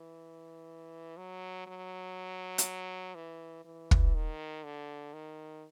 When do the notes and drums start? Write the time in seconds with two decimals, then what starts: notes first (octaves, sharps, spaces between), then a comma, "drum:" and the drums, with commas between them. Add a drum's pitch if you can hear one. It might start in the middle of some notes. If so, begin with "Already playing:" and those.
Already playing: E3
1.17 F#3
1.67 F#3
2.58 drum: hi-hat
3.15 E3
3.65 E3
3.91 drum: kick
4.14 D#3
4.64 D3
5.13 D#3